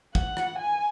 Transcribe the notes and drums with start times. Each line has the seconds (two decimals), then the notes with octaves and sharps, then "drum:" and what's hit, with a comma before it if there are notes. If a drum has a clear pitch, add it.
0.15 F#5, drum: kick
0.37 drum: rim click
0.59 G#5